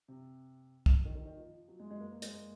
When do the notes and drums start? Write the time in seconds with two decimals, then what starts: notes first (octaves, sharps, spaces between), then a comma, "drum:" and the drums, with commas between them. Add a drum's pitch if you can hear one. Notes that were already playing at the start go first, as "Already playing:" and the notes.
0.08 C3
0.86 drum: kick
1.05 D#3
1.15 D#3
1.26 D#3
1.37 F3
1.68 F#3
1.79 G#3
1.91 G#3
2.00 A#3
2.11 A#3
2.22 G#3, drum: hi-hat
2.33 A#3